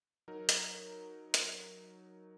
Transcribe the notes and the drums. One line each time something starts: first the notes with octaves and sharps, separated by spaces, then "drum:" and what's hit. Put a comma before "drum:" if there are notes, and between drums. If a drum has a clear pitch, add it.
F#3 D#4 A#4
drum: hi-hat
drum: hi-hat